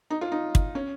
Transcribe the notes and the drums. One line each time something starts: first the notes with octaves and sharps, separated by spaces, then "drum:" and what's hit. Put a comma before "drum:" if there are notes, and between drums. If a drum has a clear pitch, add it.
D#4
F4
D#4
drum: kick
C#4